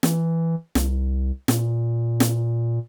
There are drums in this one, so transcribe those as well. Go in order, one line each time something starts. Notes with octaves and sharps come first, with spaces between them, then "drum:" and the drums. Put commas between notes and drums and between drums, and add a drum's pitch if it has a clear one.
E3, drum: snare
C2, drum: snare
A#2, drum: snare
drum: snare